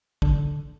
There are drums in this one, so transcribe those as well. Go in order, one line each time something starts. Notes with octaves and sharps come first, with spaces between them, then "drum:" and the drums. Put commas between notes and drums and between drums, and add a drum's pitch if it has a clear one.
D3, drum: kick